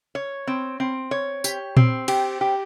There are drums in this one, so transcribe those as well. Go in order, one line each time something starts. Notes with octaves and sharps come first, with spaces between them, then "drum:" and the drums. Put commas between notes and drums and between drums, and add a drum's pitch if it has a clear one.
C#5
C4
C4
C#5
G4, drum: tambourine
C4, drum: tom A#2
G4, drum: cymbal
G4